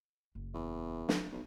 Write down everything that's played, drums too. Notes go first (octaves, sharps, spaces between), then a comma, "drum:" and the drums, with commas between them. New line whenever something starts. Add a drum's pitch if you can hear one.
F#1
E2
drum: snare
B1